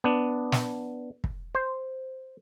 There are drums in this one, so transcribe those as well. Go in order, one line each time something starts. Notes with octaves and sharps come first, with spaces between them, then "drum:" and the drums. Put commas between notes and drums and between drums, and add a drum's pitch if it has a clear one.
B3 D4
drum: snare
drum: kick
C5